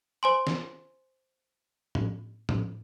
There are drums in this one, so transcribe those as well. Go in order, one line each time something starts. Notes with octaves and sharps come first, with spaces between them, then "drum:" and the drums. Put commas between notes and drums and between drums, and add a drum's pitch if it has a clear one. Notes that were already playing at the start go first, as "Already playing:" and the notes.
C5 G#5 C6
drum: snare
drum: tom A2
drum: tom A2